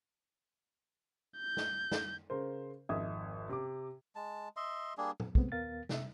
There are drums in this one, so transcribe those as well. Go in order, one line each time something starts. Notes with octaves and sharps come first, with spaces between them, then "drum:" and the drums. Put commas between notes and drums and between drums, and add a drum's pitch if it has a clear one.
G6
drum: snare
drum: snare
C#3 A#4 C5
G#1 F2 D#5 E5 D#6 G#6
C3 D6
G#3 A5
D#5 E5 C6
G3 A#3 D4 G#4
drum: tom A#2
C3 G#3 A3 B3 C4, drum: kick
D#2 B3 A#4 F5 A6
C3 E5, drum: snare